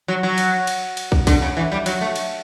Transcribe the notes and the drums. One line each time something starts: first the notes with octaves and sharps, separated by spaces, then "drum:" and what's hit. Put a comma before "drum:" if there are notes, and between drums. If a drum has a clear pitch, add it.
F#3
F#3
drum: cymbal
drum: cymbal
drum: cymbal
drum: kick
D3, drum: kick, cymbal
C#3
E3
G3
F#3, drum: cymbal
A3
drum: cymbal